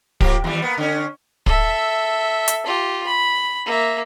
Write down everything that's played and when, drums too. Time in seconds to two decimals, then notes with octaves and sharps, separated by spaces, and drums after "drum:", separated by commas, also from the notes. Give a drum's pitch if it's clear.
0.21 F3 A#3 G4, drum: kick
0.44 D#2 G3
0.62 A#3 B3
0.78 D3 C#4
1.46 A4 E5, drum: kick
2.48 drum: hi-hat
2.66 F4 G4
3.06 B5
3.65 A#3 E5